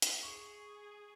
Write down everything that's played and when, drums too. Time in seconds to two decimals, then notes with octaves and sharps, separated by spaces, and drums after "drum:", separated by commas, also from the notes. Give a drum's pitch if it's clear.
0.02 drum: hi-hat
0.23 G#4 C#6